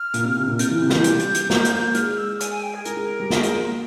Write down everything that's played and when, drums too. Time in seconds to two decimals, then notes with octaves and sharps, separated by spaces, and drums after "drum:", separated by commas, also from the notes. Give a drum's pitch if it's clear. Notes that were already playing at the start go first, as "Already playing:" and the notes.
Already playing: F6
0.14 A#2, drum: hi-hat
0.25 C3
0.36 C3
0.47 A#2
0.59 C3 G6, drum: hi-hat
0.70 E3 F6
0.82 C3
0.89 E3 G6, drum: snare
1.04 G3, drum: hi-hat
1.19 drum: hi-hat
1.34 drum: hi-hat
1.50 A#3, drum: snare
1.65 drum: hi-hat
1.94 G#3 F6, drum: hi-hat
2.18 E6
2.40 G#5, drum: hi-hat
2.51 G#5
2.63 G5
2.74 G#4
2.85 G#3 A#4, drum: hi-hat
2.97 G#3
3.20 G3
3.30 G#3, drum: snare
3.43 G#3, drum: hi-hat
3.54 A#3